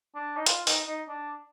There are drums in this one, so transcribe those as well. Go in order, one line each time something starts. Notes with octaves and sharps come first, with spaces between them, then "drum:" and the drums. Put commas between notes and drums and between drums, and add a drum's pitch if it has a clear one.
D4
D#4
F4, drum: hi-hat
D#4, drum: open hi-hat
D#4
D4